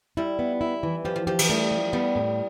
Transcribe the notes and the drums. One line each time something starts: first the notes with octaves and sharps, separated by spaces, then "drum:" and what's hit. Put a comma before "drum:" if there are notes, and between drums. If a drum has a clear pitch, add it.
G3 E4
B3
E4
E3
F3 G4
F3
F3 G4
E3, drum: cymbal
G3 A3
F3
G3 B3
A2